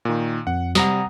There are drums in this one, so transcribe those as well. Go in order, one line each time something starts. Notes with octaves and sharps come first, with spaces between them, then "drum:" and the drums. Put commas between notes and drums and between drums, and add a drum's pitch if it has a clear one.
A#2 D#3
F2 F#5
C3 G3 F#5 A#5 D#6, drum: snare